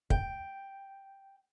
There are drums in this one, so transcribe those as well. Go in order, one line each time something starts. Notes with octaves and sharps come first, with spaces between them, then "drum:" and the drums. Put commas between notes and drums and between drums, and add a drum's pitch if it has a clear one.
G5, drum: kick